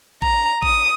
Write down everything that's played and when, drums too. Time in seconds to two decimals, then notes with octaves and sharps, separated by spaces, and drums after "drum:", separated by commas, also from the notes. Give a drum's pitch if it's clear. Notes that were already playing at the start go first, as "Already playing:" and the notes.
0.22 A#5, drum: kick A1
0.63 D#6, drum: kick A1